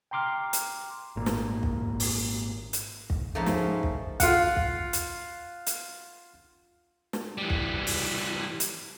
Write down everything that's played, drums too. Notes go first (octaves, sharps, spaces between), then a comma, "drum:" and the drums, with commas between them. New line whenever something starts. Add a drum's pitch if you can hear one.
G5 A#5 C6 D6 F6
drum: hi-hat
G#1 A#2
drum: snare
drum: kick
drum: open hi-hat
drum: hi-hat
drum: kick
G#2 F3 A3 A#3 C#4
drum: snare
drum: kick
F4 F5 F#5, drum: kick, hi-hat
drum: kick
drum: hi-hat
drum: hi-hat
drum: snare
E3 G3
drum: kick
drum: open hi-hat
drum: hi-hat